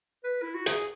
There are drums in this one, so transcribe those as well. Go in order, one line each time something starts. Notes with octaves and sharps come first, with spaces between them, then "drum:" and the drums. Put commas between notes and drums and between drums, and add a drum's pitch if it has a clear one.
B4
E4
F#4
G#4, drum: hi-hat